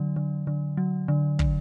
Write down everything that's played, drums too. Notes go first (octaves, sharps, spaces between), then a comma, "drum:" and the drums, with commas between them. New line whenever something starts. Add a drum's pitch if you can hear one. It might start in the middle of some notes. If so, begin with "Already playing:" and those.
Already playing: D3 F#3
D3
D3
F#3
D3
D3, drum: kick